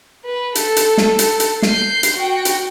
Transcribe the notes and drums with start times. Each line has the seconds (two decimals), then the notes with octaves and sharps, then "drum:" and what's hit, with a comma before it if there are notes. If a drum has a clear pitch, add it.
0.25 B4
0.55 A4, drum: hi-hat
0.76 drum: hi-hat
0.98 drum: snare
1.19 drum: hi-hat
1.40 drum: hi-hat
1.62 G6 C7, drum: snare
2.03 drum: hi-hat
2.16 F#4 G5
2.45 drum: hi-hat